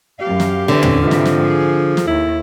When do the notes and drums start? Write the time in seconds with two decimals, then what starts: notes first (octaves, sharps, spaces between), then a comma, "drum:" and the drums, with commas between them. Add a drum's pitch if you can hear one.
0.21 F#2 G4 F5
0.40 drum: snare
0.68 D3 E3 C4 C#4
0.83 drum: tom
1.02 G#2 C3 E3 F3
1.11 drum: snare
1.26 drum: snare
1.43 G#4
1.97 drum: snare
2.07 D#2 E4